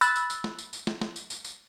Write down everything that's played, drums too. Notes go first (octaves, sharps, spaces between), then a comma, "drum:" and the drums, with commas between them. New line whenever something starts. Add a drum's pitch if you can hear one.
B5 E6 F#6 A6, drum: tambourine
drum: tambourine
drum: tambourine
drum: snare
drum: tambourine
drum: tambourine
drum: snare
drum: snare
drum: tambourine
drum: tambourine
drum: tambourine